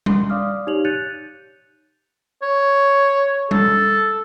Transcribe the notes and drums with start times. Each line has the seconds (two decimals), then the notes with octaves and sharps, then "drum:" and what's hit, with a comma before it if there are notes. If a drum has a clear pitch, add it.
0.06 C6, drum: tom G3
0.30 D5 F5 D6 D#6 F6
0.67 D#4 G4 C#5 F7 F#7
0.85 F#6 G6 A6 C#7 D#7 F7
2.42 C#5
3.51 A4, drum: tom G3